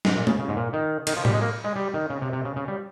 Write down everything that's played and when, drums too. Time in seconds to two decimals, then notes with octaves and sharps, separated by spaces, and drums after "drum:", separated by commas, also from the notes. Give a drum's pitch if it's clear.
0.05 G#2, drum: snare
0.16 A#2
0.27 C#3, drum: tom
0.39 C#3
0.48 G#2
0.56 A#2
0.73 D#3
1.07 D#3, drum: cymbal
1.16 F3
1.25 G3, drum: tom A2
1.33 G#3
1.41 A#3
1.64 G#3
1.76 G3
1.94 D#3
2.10 C#3
2.22 C3
2.33 C3
2.45 C#3
2.56 C#3
2.68 G3